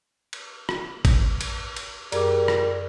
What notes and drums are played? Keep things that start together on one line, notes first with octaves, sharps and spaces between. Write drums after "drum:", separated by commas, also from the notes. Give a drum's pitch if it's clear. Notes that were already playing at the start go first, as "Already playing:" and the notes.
drum: cymbal
drum: rim click
drum: kick G#1, cymbal
drum: cymbal
drum: cymbal
F#2 G3 G#4 A#4 D6, drum: cymbal
drum: rim click